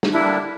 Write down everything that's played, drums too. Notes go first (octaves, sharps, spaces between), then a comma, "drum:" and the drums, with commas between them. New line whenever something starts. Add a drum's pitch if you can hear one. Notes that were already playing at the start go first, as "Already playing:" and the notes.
drum: snare
D3 G3 A#3 D4 E4